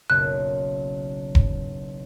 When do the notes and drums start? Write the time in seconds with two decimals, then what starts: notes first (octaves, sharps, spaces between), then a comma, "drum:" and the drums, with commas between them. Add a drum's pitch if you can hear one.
0.10 F#1 B1 F#6
1.35 drum: kick E1